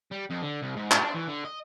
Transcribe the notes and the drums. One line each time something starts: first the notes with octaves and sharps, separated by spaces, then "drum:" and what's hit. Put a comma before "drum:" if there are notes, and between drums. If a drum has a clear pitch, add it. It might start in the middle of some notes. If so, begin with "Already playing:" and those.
G3
F2
D3
C2
G#2
drum: clap
D4
E3
D3
D#5